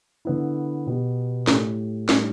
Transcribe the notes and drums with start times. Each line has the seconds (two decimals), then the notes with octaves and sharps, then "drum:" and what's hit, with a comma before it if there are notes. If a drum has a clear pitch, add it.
0.25 D3 B3 E4
0.87 B2 B3 G4
1.47 A2 A3 G4, drum: snare
2.09 A2 G3 D4 G4, drum: snare